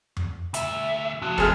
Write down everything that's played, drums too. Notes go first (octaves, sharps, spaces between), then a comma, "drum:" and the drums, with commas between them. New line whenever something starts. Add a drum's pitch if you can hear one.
drum: tom F2
D2 E5, drum: hi-hat
F3 F#4
F1 G#4 F6, drum: kick